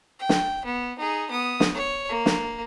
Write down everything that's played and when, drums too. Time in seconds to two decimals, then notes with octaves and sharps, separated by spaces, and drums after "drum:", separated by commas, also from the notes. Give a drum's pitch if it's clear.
0.19 G5
0.29 drum: snare
0.65 B3
0.99 D#4 G#4
1.31 B3 D#6
1.60 drum: snare
1.74 C#5
2.09 A#3
2.26 drum: snare